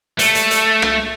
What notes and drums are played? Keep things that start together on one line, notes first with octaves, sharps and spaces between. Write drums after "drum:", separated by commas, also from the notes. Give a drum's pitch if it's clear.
A3, drum: hi-hat
drum: hi-hat
drum: hi-hat
drum: rim click